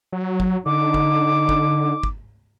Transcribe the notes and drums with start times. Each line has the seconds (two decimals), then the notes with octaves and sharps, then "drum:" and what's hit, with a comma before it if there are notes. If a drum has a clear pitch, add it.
0.12 F#3
0.40 drum: kick
0.66 D3 D#4 D6
0.94 drum: kick
1.49 drum: kick
2.03 drum: kick